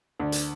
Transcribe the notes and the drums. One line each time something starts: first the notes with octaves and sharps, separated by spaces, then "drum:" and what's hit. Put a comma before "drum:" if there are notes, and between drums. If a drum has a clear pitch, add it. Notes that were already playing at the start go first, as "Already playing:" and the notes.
D2
drum: hi-hat